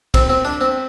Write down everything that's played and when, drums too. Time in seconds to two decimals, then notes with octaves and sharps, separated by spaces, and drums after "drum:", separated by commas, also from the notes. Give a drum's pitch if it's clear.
0.14 C4, drum: kick, cymbal
0.29 C4
0.45 D4
0.61 C4